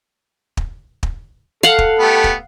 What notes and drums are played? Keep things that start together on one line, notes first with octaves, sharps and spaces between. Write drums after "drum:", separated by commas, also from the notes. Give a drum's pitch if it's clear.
drum: kick
drum: kick
A4 F5 F#5
drum: kick
A3 B3 G4
drum: kick